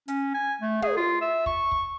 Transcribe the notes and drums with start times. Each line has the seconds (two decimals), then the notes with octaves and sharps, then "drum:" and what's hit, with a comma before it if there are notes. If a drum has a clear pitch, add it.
0.08 C#4, drum: hi-hat
0.34 G#5
0.61 A3
0.82 G#4, drum: tom
0.97 F4
1.21 E5
1.46 C#6, drum: kick
1.72 drum: kick